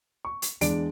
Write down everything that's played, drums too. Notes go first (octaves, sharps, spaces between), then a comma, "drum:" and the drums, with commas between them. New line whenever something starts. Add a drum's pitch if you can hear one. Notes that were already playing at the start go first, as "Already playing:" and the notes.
C#6
drum: hi-hat
E2 G#3 D4 D5 D7, drum: hi-hat